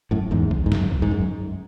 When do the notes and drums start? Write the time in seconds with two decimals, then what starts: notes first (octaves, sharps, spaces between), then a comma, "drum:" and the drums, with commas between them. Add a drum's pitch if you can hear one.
0.11 F#2 A2
0.31 E2 G#2
0.51 drum: kick B1
0.66 G#2
0.72 F#2, drum: snare
0.91 drum: kick B1
1.02 G#2
1.11 F#2